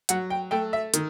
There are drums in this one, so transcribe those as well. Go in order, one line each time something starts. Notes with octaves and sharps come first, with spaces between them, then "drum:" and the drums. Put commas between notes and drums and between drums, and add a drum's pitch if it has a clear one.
F#3 F#5, drum: hi-hat
G5
A3 G5
E5
D#3, drum: hi-hat